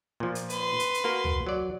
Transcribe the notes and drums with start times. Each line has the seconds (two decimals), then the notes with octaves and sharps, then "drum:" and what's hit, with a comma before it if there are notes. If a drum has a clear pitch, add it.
0.20 A#2 F3
0.35 drum: hi-hat
0.50 B4 C6, drum: hi-hat
0.80 drum: hi-hat
0.94 drum: hi-hat
1.04 A#3 F#4 A#4
1.24 drum: tom
1.47 F#3 D5